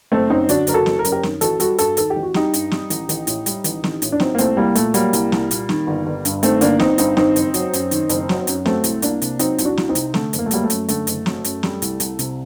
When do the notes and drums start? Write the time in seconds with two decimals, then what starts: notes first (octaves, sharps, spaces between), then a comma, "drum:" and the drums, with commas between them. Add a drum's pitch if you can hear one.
0.12 F#1 A3 C4
0.30 F#2 C4 D#4
0.49 D3 D4 F#4, drum: hi-hat
0.67 F#1 A#4, drum: hi-hat
0.73 F#4 A4
0.86 F#1, drum: snare
0.99 A#4
1.05 F#2, drum: hi-hat
1.12 G4 A#4
1.23 D#3, drum: snare
1.41 A1 F#4 A4, drum: hi-hat
1.60 G3 F#4 A4, drum: hi-hat
1.78 G2 F#4 A4, drum: hi-hat
1.97 D#3 A4, drum: hi-hat
2.10 G4
2.16 A1
2.23 F#4
2.34 G3 D#4 G4, drum: snare
2.54 G2, drum: hi-hat
2.71 G3, drum: snare
2.90 A1, drum: hi-hat
3.09 A1, drum: hi-hat
3.27 A2, drum: hi-hat
3.46 G3, drum: hi-hat
3.64 A1, drum: hi-hat
3.84 A1, drum: snare
4.02 A2, drum: hi-hat
4.12 D4
4.20 F#3 C4 D#4, drum: snare
4.35 A#3
4.38 C2 A3 C4, drum: hi-hat
4.57 C2 G3 A#3
4.75 A#2 A3, drum: hi-hat
4.94 F#3 G3 A#3, drum: hi-hat
5.13 C2, drum: hi-hat
5.32 C2, drum: snare
5.51 A#2, drum: hi-hat
5.69 D#3, drum: snare
5.87 G1
6.06 G1
6.25 G2, drum: hi-hat
6.43 D#3 A3 C4, drum: hi-hat
6.61 G1 A#3 D4, drum: hi-hat
6.79 G1 C4 D#4, drum: snare
6.98 G2 C4 D#4, drum: hi-hat
7.17 D#3 C4 D#4, drum: snare
7.36 F#1, drum: hi-hat
7.54 F#3, drum: hi-hat
7.73 F#2, drum: hi-hat
7.91 D#3, drum: hi-hat
8.09 F#1, drum: hi-hat
8.29 F#3, drum: snare
8.47 F#2, drum: hi-hat
8.65 F#3 A3 C4, drum: snare
8.84 C2, drum: hi-hat
9.02 C2 A#3 D4, drum: hi-hat
9.22 C3, drum: hi-hat
9.39 F#3 C4 D#4, drum: hi-hat
9.58 C2, drum: hi-hat
9.65 D4 F#4
9.77 C2, drum: snare
9.89 C4 D#4
9.95 C3, drum: hi-hat
10.14 D3 A3, drum: snare
10.33 F#1, drum: hi-hat
10.39 A#3
10.46 A3
10.51 F#3 G3 A#3, drum: hi-hat
10.64 A3
10.70 F#2, drum: hi-hat
10.89 D3 A3, drum: hi-hat
11.07 F#1, drum: hi-hat
11.26 F#3, drum: snare
11.44 F#2, drum: hi-hat
11.63 G3, drum: snare
11.82 C2, drum: hi-hat
12.00 C2, drum: hi-hat
12.19 C3, drum: hi-hat